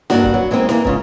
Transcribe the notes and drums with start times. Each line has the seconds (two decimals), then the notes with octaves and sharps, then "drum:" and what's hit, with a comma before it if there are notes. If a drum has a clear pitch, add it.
0.10 G2 D3 A#3 D4 F#4 F#5, drum: snare
0.23 drum: kick
0.34 F#3
0.51 E3 G#3 A#3 C4 D#4 F4
0.69 E3 A#3, drum: snare
0.85 G#2 C#3 F4, drum: kick